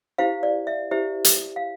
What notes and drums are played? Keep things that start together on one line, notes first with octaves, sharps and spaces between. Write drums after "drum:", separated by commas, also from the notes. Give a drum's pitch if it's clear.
E4 G4 C5 F5
D5
E5
E4 G4 C5 E5
drum: hi-hat
F5